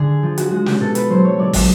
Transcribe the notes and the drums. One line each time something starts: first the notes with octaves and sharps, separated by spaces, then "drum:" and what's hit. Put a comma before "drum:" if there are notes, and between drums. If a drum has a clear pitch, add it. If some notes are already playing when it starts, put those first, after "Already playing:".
Already playing: D3 G#4
F3
F#4, drum: hi-hat
G#3 F#4
G4, drum: snare
B2 A4
B4, drum: hi-hat
F#3 C5
C#5
F#3 D5
D#5, drum: kick, open hi-hat